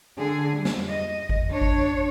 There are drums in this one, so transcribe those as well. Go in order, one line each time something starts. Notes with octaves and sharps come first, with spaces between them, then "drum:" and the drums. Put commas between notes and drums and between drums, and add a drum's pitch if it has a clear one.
D3 G#4
G3
drum: snare
D#5
drum: kick G#1
D4 C#5
drum: kick G#1